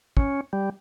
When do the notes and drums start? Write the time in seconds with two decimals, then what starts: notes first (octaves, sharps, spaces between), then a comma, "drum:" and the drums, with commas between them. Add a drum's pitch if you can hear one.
0.17 C#4, drum: kick
0.53 G3